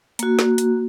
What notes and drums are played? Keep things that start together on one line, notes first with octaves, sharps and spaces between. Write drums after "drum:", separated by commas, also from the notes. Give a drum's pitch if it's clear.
A#3 F#4, drum: hi-hat
drum: snare
drum: hi-hat